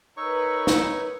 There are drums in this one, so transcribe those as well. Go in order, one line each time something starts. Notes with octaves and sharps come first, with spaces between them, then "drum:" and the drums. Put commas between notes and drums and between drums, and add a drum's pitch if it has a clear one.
D#4 A#4 B4 C#5 C#6 E6
drum: snare